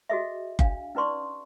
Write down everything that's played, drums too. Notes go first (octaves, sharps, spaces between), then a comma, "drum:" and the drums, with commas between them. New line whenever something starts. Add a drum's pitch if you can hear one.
F#4 G#4 A4 D#5 E5
D4 F5 G#5, drum: kick F#1
C#4 D#4 B4 D5 C6 C#6